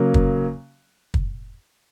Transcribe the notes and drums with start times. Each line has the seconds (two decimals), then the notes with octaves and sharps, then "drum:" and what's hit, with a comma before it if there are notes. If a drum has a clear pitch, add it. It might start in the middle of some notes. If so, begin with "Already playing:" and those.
Already playing: C#3 F#3 A#3
0.14 drum: kick
1.14 drum: kick